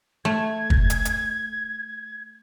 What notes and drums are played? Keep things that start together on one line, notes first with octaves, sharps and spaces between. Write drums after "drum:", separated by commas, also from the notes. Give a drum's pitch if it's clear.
A3 G#6
drum: kick
drum: hi-hat
drum: hi-hat